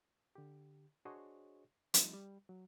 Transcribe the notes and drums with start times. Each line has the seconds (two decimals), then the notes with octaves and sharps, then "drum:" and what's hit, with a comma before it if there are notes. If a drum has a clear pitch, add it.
0.35 D3 G4
1.05 D4 F#4 G#4 C5 C#5 D#5
1.94 F3 G3 A3 C4 D#4 E4, drum: hi-hat
2.13 G3
2.49 F#3